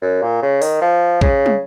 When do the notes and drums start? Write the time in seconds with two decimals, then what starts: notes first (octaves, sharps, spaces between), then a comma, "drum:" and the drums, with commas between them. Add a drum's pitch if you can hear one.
0.02 F#2
0.22 A#2
0.42 C#3
0.62 D#3, drum: open hi-hat
0.81 F3
1.21 C#3, drum: kick A#1
1.46 drum: tom